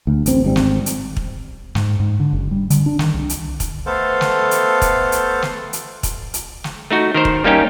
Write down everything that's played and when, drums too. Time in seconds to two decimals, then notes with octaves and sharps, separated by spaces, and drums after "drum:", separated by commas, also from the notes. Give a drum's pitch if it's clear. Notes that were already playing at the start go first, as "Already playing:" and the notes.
0.07 D2
0.26 A1 C4, drum: hi-hat
0.44 G#1 G3 C4
0.56 drum: snare
0.86 drum: hi-hat
1.17 drum: kick
1.75 G#2, drum: snare
2.00 G#2
2.20 D3
2.33 F#1
2.51 G3
2.70 D3, drum: hi-hat
2.86 D4
2.99 D#3, drum: snare
3.14 C2
3.29 drum: hi-hat
3.60 drum: kick, hi-hat
3.86 A3 B3 A4 C5 F5
4.21 drum: snare
4.51 drum: hi-hat
4.82 drum: kick, hi-hat
5.12 drum: hi-hat
5.42 drum: snare
5.73 drum: hi-hat
6.03 drum: kick, hi-hat
6.34 drum: hi-hat
6.64 drum: snare
6.91 A3 D#4 F#4
7.14 D#3 A#4 C5
7.25 drum: kick
7.44 G3 A#3 C#4 D#4 G4